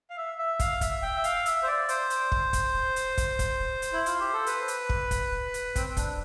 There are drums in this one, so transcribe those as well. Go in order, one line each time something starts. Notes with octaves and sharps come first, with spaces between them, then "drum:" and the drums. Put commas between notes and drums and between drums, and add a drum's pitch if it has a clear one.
F5
E5
E5
F5, drum: kick, hi-hat
E5, drum: kick, hi-hat
G5
E5
F5, drum: hi-hat
E5, drum: hi-hat
C5
D5
C5, drum: hi-hat
drum: hi-hat
drum: kick
drum: kick, hi-hat
drum: hi-hat
drum: kick, hi-hat
drum: kick, hi-hat
drum: hi-hat
E4
F4, drum: hi-hat
G4
A4
B4, drum: hi-hat
drum: hi-hat
drum: kick
drum: kick, hi-hat
drum: hi-hat
C4, drum: kick, hi-hat
C4
D4, drum: kick, hi-hat